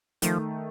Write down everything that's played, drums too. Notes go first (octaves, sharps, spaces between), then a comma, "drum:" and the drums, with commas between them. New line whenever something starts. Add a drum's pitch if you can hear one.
D#3 F3 A3, drum: hi-hat